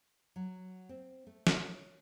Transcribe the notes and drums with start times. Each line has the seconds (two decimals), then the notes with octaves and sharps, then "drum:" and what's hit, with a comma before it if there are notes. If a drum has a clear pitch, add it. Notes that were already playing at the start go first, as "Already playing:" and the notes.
0.36 F#3
0.89 C4
1.27 A3
1.47 C#5, drum: snare